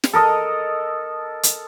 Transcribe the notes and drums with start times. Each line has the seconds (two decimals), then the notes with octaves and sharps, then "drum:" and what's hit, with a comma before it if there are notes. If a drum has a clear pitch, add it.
0.04 drum: snare
0.13 A4 A#4 D#5
1.43 drum: hi-hat